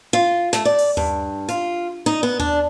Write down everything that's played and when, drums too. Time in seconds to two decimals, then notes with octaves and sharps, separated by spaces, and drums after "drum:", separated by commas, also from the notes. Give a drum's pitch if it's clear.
0.13 F4
0.53 A3, drum: snare
0.65 D5
0.78 drum: open hi-hat
0.97 G2, drum: tom D#2
1.49 F4, drum: hi-hat
2.06 D#4
2.23 B3
2.40 D4, drum: tom D#2